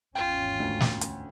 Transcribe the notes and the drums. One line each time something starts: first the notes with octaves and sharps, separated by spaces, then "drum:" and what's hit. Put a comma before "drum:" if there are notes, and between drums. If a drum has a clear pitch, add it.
G#1 E2 C#4 F4 G5
D2
drum: snare
drum: hi-hat